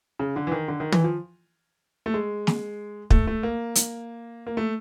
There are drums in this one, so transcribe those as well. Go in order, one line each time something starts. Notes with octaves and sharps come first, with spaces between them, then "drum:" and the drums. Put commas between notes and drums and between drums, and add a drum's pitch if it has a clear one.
C#3
D3
E3
D#3
D3
D#3
E3, drum: tom
F3
A3
G#3
drum: snare
A3, drum: kick
A3
A#3
drum: hi-hat
A#3
A3